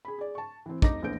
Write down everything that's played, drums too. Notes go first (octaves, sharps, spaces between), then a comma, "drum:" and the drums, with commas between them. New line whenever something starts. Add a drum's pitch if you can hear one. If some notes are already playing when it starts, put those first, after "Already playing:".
G#4 B5
G#4 D5
A5 C#6
E3 C4
F1 D#4 D6 A#6, drum: kick
A#1 E2 A3 B4 G6 D7